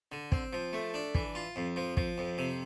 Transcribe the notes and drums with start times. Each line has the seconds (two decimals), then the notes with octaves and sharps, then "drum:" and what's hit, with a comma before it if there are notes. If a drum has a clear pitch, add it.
0.12 D3
0.32 C4, drum: kick
0.53 F3
0.73 A3
0.94 D4
1.15 E3, drum: kick
1.35 F4
1.56 F2
1.76 F3
1.97 F3, drum: kick
2.18 F2
2.38 C3